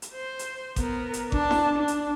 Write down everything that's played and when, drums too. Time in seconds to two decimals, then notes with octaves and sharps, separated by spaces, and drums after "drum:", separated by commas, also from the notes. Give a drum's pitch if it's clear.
0.02 drum: hi-hat
0.14 C5
0.39 drum: hi-hat
0.76 B3 A#4, drum: kick G#1, hi-hat
1.13 drum: hi-hat
1.32 D4 A5, drum: kick G#1
1.51 drum: snare E4
1.78 D4
1.88 drum: hi-hat